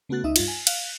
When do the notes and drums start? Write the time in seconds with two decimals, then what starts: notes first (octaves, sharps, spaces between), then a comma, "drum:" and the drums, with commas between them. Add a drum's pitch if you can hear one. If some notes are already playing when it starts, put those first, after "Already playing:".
0.09 C#3 A3 B3 F#4 F#6 A6
0.24 C#2 D#4 D#5 E5 D#6
0.36 G2 F4, drum: cymbal
0.48 G#5
0.67 F5 F#6, drum: cymbal